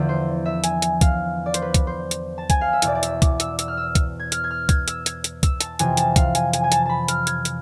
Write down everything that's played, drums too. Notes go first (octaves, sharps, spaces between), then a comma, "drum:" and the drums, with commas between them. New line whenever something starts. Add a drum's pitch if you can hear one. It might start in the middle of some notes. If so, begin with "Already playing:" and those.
Already playing: E2 D3 F3
C5
E5
G#5, drum: hi-hat
drum: hi-hat
F5, drum: kick C2, hi-hat
D5
C5, drum: hi-hat
B4
drum: kick C2, hi-hat
C5
drum: hi-hat
A5
G#5, drum: kick C2, hi-hat
F5
E5
E2 B2 D5, drum: hi-hat
D5
E5, drum: hi-hat
D6, drum: kick C2, hi-hat
E6, drum: hi-hat
E6, drum: hi-hat
F6
E6
drum: kick C2, hi-hat
G#6
F6, drum: hi-hat
G#6
F6
G#6, drum: kick C2, hi-hat
E6, drum: hi-hat
G#6, drum: hi-hat
drum: hi-hat
E6, drum: kick C2, hi-hat
A5, drum: hi-hat
F2 C3 E3 G#5, drum: hi-hat
A5, drum: hi-hat
F5, drum: kick C2, hi-hat
G#5, drum: hi-hat
G#5, drum: hi-hat
G#5
A5, drum: hi-hat
A5 B5
F6, drum: hi-hat
G#6, drum: hi-hat
drum: hi-hat